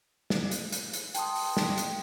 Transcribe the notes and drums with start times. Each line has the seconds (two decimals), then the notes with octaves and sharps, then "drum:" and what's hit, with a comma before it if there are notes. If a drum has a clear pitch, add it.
0.30 drum: snare
0.51 drum: hi-hat
0.72 drum: hi-hat
0.93 drum: hi-hat
1.15 G5 A5 C6 D#6, drum: hi-hat
1.36 drum: open hi-hat
1.57 drum: snare
1.78 drum: hi-hat